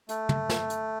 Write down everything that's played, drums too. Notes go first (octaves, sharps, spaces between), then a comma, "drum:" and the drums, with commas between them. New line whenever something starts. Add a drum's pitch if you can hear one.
A3, drum: hi-hat
drum: tom
drum: snare
drum: hi-hat